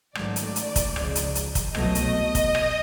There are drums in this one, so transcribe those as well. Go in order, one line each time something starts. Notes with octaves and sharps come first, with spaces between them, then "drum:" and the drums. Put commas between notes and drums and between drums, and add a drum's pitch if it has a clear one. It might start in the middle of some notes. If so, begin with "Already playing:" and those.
A1 G#2 D#3 F#3 A3 D5, drum: rim click
drum: hi-hat
drum: hi-hat
drum: kick, hi-hat
C#2 C#3 F3 G#3, drum: rim click
drum: hi-hat
drum: hi-hat
drum: kick, hi-hat
C2 B2 F#3 A3 D#5, drum: rim click
drum: hi-hat
drum: kick, hi-hat
drum: rim click